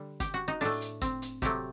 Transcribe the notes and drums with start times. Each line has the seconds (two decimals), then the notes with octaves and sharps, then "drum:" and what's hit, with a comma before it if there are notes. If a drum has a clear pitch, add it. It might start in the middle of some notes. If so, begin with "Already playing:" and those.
Already playing: D3 G3
0.20 G4, drum: kick, hi-hat
0.34 F#4
0.48 D#4
0.61 A2 A3 D4, drum: open hi-hat
0.81 drum: hi-hat
1.02 C4, drum: kick, hi-hat
1.22 drum: hi-hat
1.42 C3 F#3 A3 G4, drum: kick, hi-hat